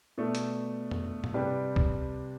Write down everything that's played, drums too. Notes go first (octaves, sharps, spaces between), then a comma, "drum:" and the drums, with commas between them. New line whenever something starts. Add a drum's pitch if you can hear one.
B2 A3 D4 A4
drum: hi-hat
drum: tom
drum: tom G2
C3 G3 D4 G4 B4
drum: kick